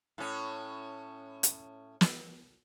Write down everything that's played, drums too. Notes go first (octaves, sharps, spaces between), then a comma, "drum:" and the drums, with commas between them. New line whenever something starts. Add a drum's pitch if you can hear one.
A2 C#4
drum: hi-hat
drum: snare